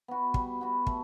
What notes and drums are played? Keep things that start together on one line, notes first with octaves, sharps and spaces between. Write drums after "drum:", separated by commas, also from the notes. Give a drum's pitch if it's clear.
B3 F#4
G3, drum: kick
B3 F#4
A3, drum: kick